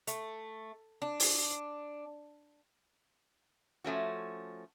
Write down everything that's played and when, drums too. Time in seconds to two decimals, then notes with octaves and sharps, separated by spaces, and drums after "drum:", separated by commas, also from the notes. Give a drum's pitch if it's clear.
0.07 A3, drum: hi-hat
1.02 D4
1.20 drum: open hi-hat
3.84 F3 A3 C#4 F#4